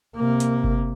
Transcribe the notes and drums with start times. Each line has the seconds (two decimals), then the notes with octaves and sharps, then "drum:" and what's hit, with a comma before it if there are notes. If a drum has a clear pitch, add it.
0.17 C3 A#3
0.40 drum: hi-hat
0.64 drum: kick G1